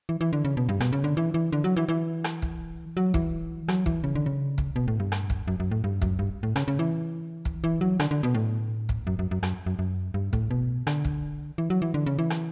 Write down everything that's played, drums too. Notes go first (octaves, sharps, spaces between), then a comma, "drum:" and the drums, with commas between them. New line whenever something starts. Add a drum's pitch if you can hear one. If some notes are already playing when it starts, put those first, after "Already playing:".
E3
E3
D3
C#3
B2
G2
B2, drum: rim click
C#3
D3
E3
E3
D3
F#3
E3
E3
drum: rim click
drum: kick
F#3
E3, drum: kick
F#3, drum: rim click
E3, drum: kick
C#3
D3
C#3
drum: kick
B2
A2
G2
drum: rim click
drum: kick
F#2
F#2
A2
G2
F#2, drum: kick
G2
A2
C#3, drum: rim click
C#3
E3
drum: kick
E3
F#3
D3, drum: rim click
D3
B2
A2
drum: kick
F#2
F#2
F#2
F#2, drum: rim click
F#2
F#2
G2
A2, drum: kick
B2
D3, drum: rim click
drum: kick
E3
F#3
E3
D3
C#3
E3
drum: rim click